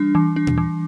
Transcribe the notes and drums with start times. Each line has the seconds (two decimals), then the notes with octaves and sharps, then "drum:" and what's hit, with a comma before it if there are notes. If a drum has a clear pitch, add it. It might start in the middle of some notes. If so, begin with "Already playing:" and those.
Already playing: E3 G3 D4
0.15 E3
0.36 D4
0.47 drum: tom A#2
0.58 E3